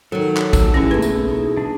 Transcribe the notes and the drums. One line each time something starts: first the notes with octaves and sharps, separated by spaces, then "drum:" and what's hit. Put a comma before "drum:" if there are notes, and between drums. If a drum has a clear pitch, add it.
D#3 F#3 A4 C#5
drum: clap
A5 E6, drum: kick A1, tambourine
E3 C#4 E4 G4 G#4 A5
B2 A3 A#3 C4 G#4 B4
drum: tambourine
D#4 E4 G#4
D4 G#4 A5